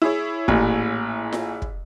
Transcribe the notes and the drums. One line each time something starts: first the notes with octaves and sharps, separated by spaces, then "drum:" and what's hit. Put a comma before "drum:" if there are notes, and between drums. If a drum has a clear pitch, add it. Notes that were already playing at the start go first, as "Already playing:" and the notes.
E4 G#4 C#5
A1 A#2, drum: kick
drum: snare F4
drum: kick